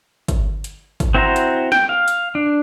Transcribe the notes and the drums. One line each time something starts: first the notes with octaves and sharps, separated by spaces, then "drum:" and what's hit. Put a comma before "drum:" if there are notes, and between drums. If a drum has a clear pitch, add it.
drum: kick, hi-hat
drum: hi-hat
drum: kick, hi-hat
C4 E4 F#4 C5 A#5
drum: hi-hat
G5, drum: snare
F5
drum: hi-hat
D4